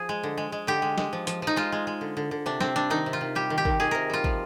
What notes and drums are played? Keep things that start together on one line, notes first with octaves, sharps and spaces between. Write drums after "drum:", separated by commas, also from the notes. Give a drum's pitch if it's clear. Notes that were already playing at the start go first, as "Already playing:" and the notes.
Already playing: F3 G#4
G#3
D3
G#3
G#3
D3 G4
G#3
G#3, drum: snare
F3
F3, drum: hi-hat
F3 D#4
G#3 F4
G#3
G#3
D3
D3
D3
C3 D4
C3 C4, drum: snare
G3 D4
D#3 D#4
C3
F4
C3
G3 G4
D#3
G4
D#3, drum: kick
D#3 G#4
C3 A#4
G3 F4
F3, drum: kick